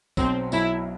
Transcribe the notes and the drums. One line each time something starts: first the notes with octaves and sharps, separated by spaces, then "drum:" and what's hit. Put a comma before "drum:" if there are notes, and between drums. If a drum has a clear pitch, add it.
B1 B2 F#3 C4, drum: kick, tambourine
B1 B2 F#3 E4, drum: tambourine